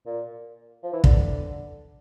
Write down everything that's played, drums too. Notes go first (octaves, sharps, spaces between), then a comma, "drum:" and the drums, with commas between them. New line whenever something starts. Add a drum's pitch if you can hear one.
A#2
F3
E3
D3, drum: kick